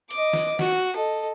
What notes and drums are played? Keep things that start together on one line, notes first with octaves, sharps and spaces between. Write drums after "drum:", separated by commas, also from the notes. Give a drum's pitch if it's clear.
D#5 D6, drum: hi-hat
drum: snare
F#4, drum: snare
A4 D#5